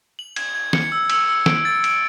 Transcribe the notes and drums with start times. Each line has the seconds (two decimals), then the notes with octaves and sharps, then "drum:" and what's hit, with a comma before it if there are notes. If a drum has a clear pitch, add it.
0.19 F#7
0.36 G#6, drum: cymbal
0.55 G#6
0.73 C#7, drum: snare
0.92 E6
1.10 E6, drum: cymbal
1.28 E6
1.46 D7, drum: snare
1.65 A6
1.84 D7, drum: cymbal